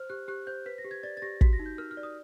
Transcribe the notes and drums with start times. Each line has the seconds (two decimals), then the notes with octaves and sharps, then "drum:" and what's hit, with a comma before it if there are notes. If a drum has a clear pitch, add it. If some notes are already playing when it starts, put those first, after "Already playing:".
Already playing: C5 F6
0.10 G4 F#6
0.28 G4 F#6
0.47 C5 G6
0.66 B4 B6
0.78 A#6
0.84 G4
0.91 G#6
1.03 D5 A6
1.17 A6
1.22 G4 A#6
1.41 F#4 B6, drum: kick
1.53 A#6
1.59 D#4
1.66 G6
1.78 A#4 F6
1.91 F6
1.97 D5
2.03 D#6